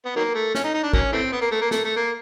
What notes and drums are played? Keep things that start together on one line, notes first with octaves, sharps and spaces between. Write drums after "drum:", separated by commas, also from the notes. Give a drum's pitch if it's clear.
B3
D#3 F#3 A#3
A3
C#4, drum: snare
D#4
D#4
D4
F#3 A#3 C#4, drum: kick
E3 A3 C4
B3
A#3
A3
A#3
A3, drum: snare
A3
A#3